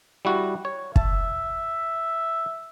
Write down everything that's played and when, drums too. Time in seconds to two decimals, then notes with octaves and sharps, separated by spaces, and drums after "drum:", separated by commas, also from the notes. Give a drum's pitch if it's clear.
0.25 G3 E4 F#4
0.65 C#5
0.96 E5 A5, drum: kick